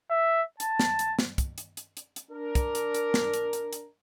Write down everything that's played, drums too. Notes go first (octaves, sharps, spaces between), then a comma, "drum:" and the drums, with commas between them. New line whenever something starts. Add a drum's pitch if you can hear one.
E5
A5, drum: hi-hat
drum: snare
drum: hi-hat
drum: snare
drum: kick, hi-hat
drum: hi-hat
drum: hi-hat
drum: hi-hat
drum: hi-hat
D4 A#4
drum: kick, hi-hat
drum: hi-hat
drum: hi-hat
drum: snare
drum: hi-hat
drum: hi-hat
drum: hi-hat